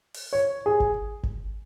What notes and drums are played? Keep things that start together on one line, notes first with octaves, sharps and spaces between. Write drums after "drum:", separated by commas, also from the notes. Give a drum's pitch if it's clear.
drum: open hi-hat
C#5
G#4
drum: kick G1
drum: kick G1